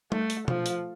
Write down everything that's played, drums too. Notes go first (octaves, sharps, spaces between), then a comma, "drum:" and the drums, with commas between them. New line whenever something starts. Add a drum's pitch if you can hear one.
A3, drum: tom
drum: hi-hat
F3, drum: tom B2
drum: hi-hat